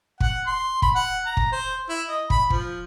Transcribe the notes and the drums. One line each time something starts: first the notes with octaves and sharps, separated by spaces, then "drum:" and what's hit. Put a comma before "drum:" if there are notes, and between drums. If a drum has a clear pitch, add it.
F#5, drum: kick
C6
B5, drum: kick
F#5
A#5
drum: kick
C5
E4
D#5
B5, drum: kick
F3, drum: kick